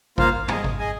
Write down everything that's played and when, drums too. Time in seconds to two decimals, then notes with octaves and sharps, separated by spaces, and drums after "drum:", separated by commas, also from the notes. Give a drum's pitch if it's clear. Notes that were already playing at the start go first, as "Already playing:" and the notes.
0.18 A#3 F4 C5 F5, drum: kick G#1
0.48 G#4 D#5 G#5, drum: tom G#2
0.64 drum: kick G#1
0.79 G#4 D#5 G#5